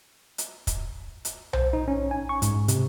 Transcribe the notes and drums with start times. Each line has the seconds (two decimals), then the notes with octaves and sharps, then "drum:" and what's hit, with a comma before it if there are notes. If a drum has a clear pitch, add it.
0.38 drum: hi-hat
0.67 drum: kick, hi-hat
1.25 drum: hi-hat
1.53 C5, drum: tom B1
1.73 D#4
1.88 C#4
2.11 G#5
2.29 C#6
2.42 G#2, drum: hi-hat
2.68 C3, drum: hi-hat